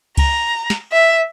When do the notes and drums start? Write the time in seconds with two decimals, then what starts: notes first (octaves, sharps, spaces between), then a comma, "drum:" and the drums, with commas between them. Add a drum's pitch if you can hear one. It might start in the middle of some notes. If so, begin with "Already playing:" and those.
0.17 A#5, drum: kick C#2, cymbal
0.70 drum: snare
0.92 E5